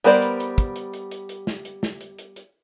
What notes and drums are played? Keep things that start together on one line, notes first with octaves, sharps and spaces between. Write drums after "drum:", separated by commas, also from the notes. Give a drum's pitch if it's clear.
G3 B3 A#4 C5 D5, drum: hi-hat
drum: hi-hat
drum: hi-hat
drum: kick, hi-hat
drum: hi-hat
drum: hi-hat
drum: hi-hat
drum: hi-hat
drum: snare
drum: hi-hat
drum: snare
drum: hi-hat
drum: hi-hat
drum: hi-hat